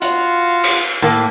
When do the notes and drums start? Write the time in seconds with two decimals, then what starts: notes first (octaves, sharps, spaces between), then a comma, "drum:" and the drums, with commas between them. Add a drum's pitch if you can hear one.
0.02 F4 F#4 F5, drum: hi-hat
0.64 drum: cymbal
1.02 A2 A#3